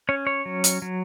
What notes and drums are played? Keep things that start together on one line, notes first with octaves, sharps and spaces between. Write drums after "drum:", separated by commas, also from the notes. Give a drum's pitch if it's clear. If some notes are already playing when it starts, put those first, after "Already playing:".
C#4 C#5
C#5
F#3
drum: hi-hat
F#3